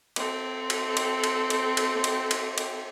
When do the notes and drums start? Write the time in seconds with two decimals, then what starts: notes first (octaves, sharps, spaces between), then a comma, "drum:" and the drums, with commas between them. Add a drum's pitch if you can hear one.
0.16 C4 A4, drum: cymbal
0.70 drum: cymbal
0.97 drum: cymbal
1.24 drum: cymbal
1.50 drum: cymbal
1.77 drum: cymbal
2.04 drum: cymbal
2.31 drum: cymbal
2.58 drum: cymbal